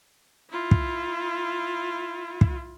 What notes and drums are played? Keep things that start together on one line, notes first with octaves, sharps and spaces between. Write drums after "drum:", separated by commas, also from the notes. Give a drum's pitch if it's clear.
E4 F4
drum: kick
drum: kick